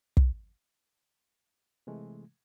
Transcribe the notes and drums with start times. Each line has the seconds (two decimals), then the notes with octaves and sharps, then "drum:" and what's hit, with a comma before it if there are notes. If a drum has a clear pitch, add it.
0.17 drum: kick
1.87 C3 E3 G#3 A3